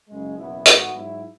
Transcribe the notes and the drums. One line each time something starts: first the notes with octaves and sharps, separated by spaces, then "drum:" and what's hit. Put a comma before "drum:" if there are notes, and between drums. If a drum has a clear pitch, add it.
F#1 F#2 C#3 G#3
F#1 E2 B2 B3 E4
G#2 E3 B3 F#4, drum: hi-hat
G#2 F#3 E4